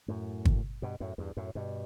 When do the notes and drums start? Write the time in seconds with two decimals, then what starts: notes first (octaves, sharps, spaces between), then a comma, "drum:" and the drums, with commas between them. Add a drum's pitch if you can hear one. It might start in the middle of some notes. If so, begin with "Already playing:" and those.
0.08 F#2 A2
0.45 drum: kick
0.82 G2 B2
1.00 F#2 A2
1.18 E2 G2
1.37 F#2 A2
1.55 G2 B2